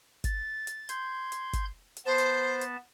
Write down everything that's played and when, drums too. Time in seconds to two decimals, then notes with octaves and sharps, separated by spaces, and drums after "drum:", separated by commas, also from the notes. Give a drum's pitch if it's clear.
0.24 A6, drum: kick G1, hi-hat
0.67 drum: hi-hat
0.89 C6 G6 G#6, drum: hi-hat
1.32 drum: hi-hat
1.53 drum: kick G1, hi-hat
1.97 drum: hi-hat
2.06 B3 C5 A5
2.18 drum: hi-hat
2.61 drum: hi-hat